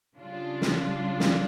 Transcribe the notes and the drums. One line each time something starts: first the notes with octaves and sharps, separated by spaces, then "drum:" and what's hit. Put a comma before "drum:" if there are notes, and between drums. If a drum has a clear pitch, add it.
C#3 G3 D4 F4
drum: snare
drum: snare